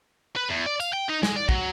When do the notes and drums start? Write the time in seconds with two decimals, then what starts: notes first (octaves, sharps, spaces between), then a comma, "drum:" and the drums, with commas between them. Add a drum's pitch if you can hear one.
0.36 B4
0.49 E2
0.66 D5
0.80 F5, drum: tambourine
0.93 G5
1.10 D#4
1.23 G#3, drum: snare
1.36 D5
1.49 F#3, drum: kick